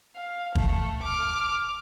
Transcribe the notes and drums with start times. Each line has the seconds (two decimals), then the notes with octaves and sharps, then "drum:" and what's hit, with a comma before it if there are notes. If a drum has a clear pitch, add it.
0.16 F5
0.55 A3, drum: kick
1.03 D6 F6